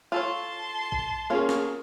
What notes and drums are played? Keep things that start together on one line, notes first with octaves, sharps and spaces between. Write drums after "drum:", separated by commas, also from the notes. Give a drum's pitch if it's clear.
F4 A4 C#5 A5 C6
drum: kick
A#3 C#4 F4 G#4 C#5
drum: snare